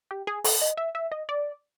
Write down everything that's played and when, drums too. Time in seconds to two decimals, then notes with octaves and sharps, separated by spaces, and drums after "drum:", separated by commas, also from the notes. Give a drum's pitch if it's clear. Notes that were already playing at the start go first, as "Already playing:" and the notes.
0.11 G4
0.27 G#4
0.44 A4, drum: open hi-hat
0.61 D#5
0.77 E5
0.95 E5
1.12 D#5
1.29 D5